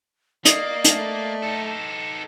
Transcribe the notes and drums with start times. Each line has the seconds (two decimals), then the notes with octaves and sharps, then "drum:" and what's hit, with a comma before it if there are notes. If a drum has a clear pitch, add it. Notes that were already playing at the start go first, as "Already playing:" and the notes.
0.45 A#3 D5 D#5 D#6 C7, drum: hi-hat
0.84 A3, drum: hi-hat
1.42 D#4 A4